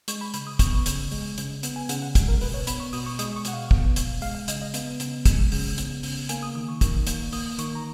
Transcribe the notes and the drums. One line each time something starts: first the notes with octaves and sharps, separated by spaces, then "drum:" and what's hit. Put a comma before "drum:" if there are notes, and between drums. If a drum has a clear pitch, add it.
G#3 C#6, drum: hi-hat
B5
C#3 B5, drum: hi-hat
D#6
B3 C#6, drum: kick, hi-hat
C#3, drum: hi-hat
G#3, drum: open hi-hat
C#3, drum: hi-hat
B3, drum: hi-hat
G#5
C#3 F#5, drum: hi-hat
F#5
G#3, drum: kick, hi-hat
A#4
B2 B4, drum: open hi-hat
C#5
B3 B5, drum: hi-hat
C#6
B2 D#6, drum: open hi-hat
C#6
G#3 D#6, drum: hi-hat
C#6
B2 F#5, drum: hi-hat
F5
B3, drum: kick
B2, drum: hi-hat
G#3 F5, drum: open hi-hat
F5
C#3 D#5, drum: hi-hat
D#5
B3, drum: hi-hat
C#3, drum: hi-hat
G#3, drum: kick, hi-hat
C#3, drum: open hi-hat
B3, drum: hi-hat
C#3, drum: open hi-hat
A#3 G#5, drum: hi-hat
D#6
D#3 D#6
C#6
D#3, drum: kick, hi-hat
A#3, drum: hi-hat
A#3 D#6, drum: open hi-hat
D#3 C#6, drum: hi-hat
A#5